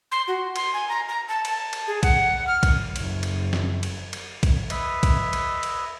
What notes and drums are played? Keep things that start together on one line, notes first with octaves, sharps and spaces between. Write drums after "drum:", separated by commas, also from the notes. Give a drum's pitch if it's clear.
C6
F#4
C6, drum: cymbal
G#5
A#5
A#5
A5
A5, drum: cymbal
drum: cymbal
G#4
F#5, drum: kick A#1, cymbal
F6
drum: kick A#1, cymbal
F#1, drum: cymbal
drum: cymbal
drum: snare
drum: cymbal
drum: cymbal
drum: kick A#1, cymbal
B4 D#5 E5, drum: cymbal
drum: kick A#1, cymbal
drum: cymbal
drum: cymbal